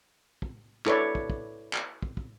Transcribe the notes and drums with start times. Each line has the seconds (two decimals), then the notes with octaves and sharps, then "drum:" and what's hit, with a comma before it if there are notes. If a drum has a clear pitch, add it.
0.42 drum: kick
0.86 E4 A4 B4 C#5 D5, drum: clap
1.15 drum: kick
1.30 drum: kick
1.73 drum: clap
2.02 drum: kick
2.17 drum: kick